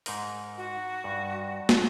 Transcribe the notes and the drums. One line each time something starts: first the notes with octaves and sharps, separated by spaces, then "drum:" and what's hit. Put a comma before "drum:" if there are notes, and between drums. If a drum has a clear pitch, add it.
G#2 D#4 A#4, drum: open hi-hat
F#4
G2
drum: snare